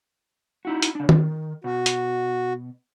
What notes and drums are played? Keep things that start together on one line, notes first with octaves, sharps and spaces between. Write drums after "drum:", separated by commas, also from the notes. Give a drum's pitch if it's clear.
D#4 E4 F#4
drum: hi-hat
C#3 D4
D#3, drum: tom
B2 F#4
drum: hi-hat